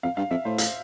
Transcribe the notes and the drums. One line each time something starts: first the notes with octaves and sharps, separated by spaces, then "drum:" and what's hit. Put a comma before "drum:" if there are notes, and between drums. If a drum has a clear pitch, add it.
F2 F5
G2 F5
F2 E5
A2 C5
F5, drum: hi-hat